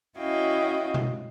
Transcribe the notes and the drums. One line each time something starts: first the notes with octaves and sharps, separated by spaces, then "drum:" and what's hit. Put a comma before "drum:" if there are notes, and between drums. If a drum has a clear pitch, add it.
C#4 E4 F#4 D#5 F5 G5
drum: tom B2